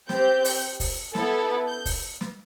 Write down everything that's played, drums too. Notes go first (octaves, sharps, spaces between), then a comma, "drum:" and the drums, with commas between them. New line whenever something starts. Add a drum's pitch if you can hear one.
C4 G4 G6, drum: snare
drum: open hi-hat
drum: kick, open hi-hat
B3 E4 A4, drum: snare
G6
drum: kick, open hi-hat
drum: snare